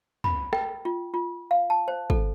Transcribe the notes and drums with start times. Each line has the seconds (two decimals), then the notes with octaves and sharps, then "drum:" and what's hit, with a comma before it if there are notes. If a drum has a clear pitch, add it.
0.24 B5, drum: tom
0.53 G5, drum: rim click
0.85 F4
1.14 F4
1.51 F5
1.70 A5
1.88 C5
2.10 A4, drum: kick